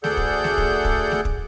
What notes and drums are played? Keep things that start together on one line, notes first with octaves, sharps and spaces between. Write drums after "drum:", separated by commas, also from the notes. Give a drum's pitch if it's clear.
D2 G#4 A4 D5 F#5 G6, drum: snare A3
drum: kick
drum: snare A3
drum: kick
drum: kick
drum: snare A3
drum: kick